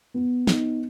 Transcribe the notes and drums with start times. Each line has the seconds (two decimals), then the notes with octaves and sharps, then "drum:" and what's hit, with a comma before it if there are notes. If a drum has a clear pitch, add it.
0.14 B3
0.47 D#4, drum: snare